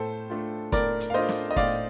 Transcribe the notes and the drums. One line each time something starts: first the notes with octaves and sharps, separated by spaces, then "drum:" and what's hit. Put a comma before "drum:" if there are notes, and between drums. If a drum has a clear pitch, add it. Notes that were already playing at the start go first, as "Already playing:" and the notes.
Already playing: A2 A4 C5
A3 D4 F4
A2 A#4 D5, drum: kick, hi-hat
drum: hi-hat
F5
A3 D4 F4 C5 D#5
drum: snare
D#5
A2 D5 F5, drum: kick, hi-hat